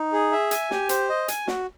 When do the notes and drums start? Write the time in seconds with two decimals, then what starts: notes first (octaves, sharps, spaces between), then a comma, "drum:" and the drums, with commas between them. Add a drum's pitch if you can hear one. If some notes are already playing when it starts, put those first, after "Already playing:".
Already playing: D#4
0.13 G#4
0.32 E5
0.51 G#5, drum: hi-hat
0.71 G4, drum: snare
0.89 C5, drum: hi-hat
1.09 D#5
1.28 G#5, drum: hi-hat
1.48 F#4, drum: snare